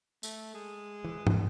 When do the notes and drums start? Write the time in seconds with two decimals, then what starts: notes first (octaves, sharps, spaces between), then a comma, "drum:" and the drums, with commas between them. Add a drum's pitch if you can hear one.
0.23 A3, drum: tambourine
0.54 G#3
1.04 E3
1.27 G1 F2 G#2, drum: tom